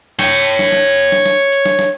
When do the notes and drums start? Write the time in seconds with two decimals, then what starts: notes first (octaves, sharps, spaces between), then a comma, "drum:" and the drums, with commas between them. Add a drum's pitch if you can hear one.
0.19 C#5 G5, drum: snare
0.46 drum: hi-hat
0.59 drum: snare
0.72 drum: snare
0.99 drum: hi-hat
1.12 drum: snare
1.26 drum: snare
1.52 drum: hi-hat
1.66 drum: snare
1.79 drum: snare